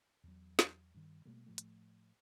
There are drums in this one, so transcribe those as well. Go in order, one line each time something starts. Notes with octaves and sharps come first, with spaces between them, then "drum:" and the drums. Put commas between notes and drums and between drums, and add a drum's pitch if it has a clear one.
E2 F#3
drum: snare
G2 D#3
B2 G3 A3 A#3
A2 F3 A3
drum: hi-hat